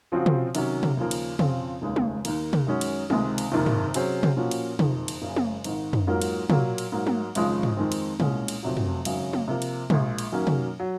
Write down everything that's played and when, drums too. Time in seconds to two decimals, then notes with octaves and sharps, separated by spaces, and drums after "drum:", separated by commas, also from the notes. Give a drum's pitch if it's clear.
0.12 C#3 F3 C4 F#4 C5
0.26 drum: tom
0.55 C3 D#3 F#3 C#4, drum: cymbal
0.83 drum: tom
0.97 D#2 C#3 F3 A#3
1.11 drum: cymbal
1.39 F2 C#3 F3 C4 F4, drum: tom
1.82 F1 D#2 C#3 G#3
1.96 drum: tom
2.25 D#2 D#3 A#3, drum: cymbal
2.53 drum: tom
2.67 F#2 D#3 G#3 C#4 F#4
2.81 drum: cymbal
3.10 C#2 C3 D#3 G#3 C4, drum: tom
3.38 drum: cymbal
3.52 F#1 F2 C3 D#3 A#3
3.66 drum: tom
3.94 C3 F#3 C#4 G#4 C5, drum: cymbal
4.23 drum: tom
4.37 A#2 F3 A#3 C#4 F#4
4.51 drum: cymbal
4.79 F#1 F2 D#3, drum: tom
5.08 drum: cymbal
5.22 F#1 F#2 C#3
5.36 drum: tom
5.64 G#1 G#2 D#3, drum: cymbal
5.93 drum: tom
6.07 G#2 F#3 A#3 F4 A#4
6.22 drum: cymbal
6.50 A#2 F#3 A#3, drum: tom
6.78 drum: cymbal
6.92 G#2 F#3 A#3
7.07 drum: tom
7.35 G#1 F#2 C#3 F3 G#3, drum: cymbal
7.63 drum: tom
7.77 F2 D#3 G#3 C4
7.92 drum: cymbal
8.20 C2 A#2 G#3 C#4, drum: tom
8.48 drum: cymbal
8.63 F1 F2 C3 F#3
8.77 drum: tom
9.05 G#1 F#2 C#3 F#3, drum: cymbal
9.33 drum: tom
9.48 C3 F3 A#3
9.62 drum: cymbal
9.90 A#1 A#2 G#3, drum: tom
10.18 drum: cymbal
10.32 F#2 D#3 F#3 A#3 C#4
10.47 drum: tom
10.80 F#3